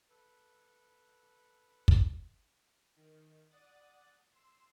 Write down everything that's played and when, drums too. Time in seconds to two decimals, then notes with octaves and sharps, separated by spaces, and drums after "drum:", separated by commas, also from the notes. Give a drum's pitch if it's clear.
0.09 A4 B4
1.88 drum: kick
2.96 D#3
3.49 D5 F#5 D#6 F#6 A6
4.32 C6 E6